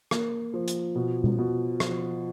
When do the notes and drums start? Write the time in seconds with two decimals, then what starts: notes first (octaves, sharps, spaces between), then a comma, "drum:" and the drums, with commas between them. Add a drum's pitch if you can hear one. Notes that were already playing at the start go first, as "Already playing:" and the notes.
0.11 A#3, drum: rim click
0.54 F3
0.68 drum: hi-hat
0.95 B2
1.24 drum: tom B2
1.38 B2
1.80 F3, drum: rim click